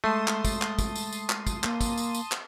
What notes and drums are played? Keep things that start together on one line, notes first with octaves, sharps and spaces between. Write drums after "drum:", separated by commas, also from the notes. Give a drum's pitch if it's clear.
G#3 A3 A5 C6 D#6
drum: clap
drum: kick, tambourine
drum: clap
drum: kick, tambourine
drum: tambourine
drum: tambourine
drum: clap
drum: kick, tambourine
A#3, drum: clap
drum: kick, tambourine
drum: tambourine
drum: tambourine
drum: clap